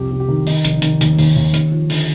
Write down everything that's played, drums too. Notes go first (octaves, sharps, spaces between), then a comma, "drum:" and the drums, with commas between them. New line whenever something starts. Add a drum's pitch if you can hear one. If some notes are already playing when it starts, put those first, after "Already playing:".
Already playing: C2 F2 G4
C3
G4
D#3
D#3 D#4, drum: open hi-hat
F1, drum: hi-hat
D#3, drum: hi-hat
D#2, drum: hi-hat
D#2, drum: open hi-hat
D#2
D#2, drum: hi-hat
F3
D3, drum: open hi-hat